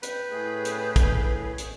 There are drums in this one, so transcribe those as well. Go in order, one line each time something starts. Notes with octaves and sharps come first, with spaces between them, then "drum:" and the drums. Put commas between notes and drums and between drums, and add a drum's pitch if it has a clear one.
B4 G5, drum: hi-hat
A2 A3 G#4
drum: hi-hat
drum: kick, hi-hat
drum: hi-hat